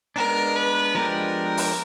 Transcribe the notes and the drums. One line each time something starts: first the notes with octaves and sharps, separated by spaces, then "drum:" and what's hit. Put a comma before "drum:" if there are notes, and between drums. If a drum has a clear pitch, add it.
G#3 B3 D4 A#4
B4
F3 G#3 B3 D4 G4 A#4
drum: open hi-hat